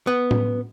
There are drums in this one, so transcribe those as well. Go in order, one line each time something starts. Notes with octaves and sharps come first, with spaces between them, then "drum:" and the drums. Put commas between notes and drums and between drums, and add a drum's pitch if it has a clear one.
B3
drum: tom A2